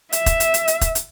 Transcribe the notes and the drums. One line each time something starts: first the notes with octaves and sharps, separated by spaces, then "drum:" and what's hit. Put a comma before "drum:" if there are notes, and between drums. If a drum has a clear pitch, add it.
E5, drum: hi-hat
drum: kick, hi-hat
drum: hi-hat
drum: hi-hat
drum: hi-hat
drum: kick, hi-hat
drum: hi-hat